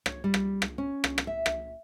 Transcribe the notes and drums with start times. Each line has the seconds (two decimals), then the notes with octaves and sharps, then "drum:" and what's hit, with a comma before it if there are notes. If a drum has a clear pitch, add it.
0.06 C#5, drum: rim click
0.24 G3
0.34 drum: rim click
0.62 drum: rim click
0.78 C#4
1.04 drum: rim click
1.18 drum: rim click
1.27 E5
1.46 drum: rim click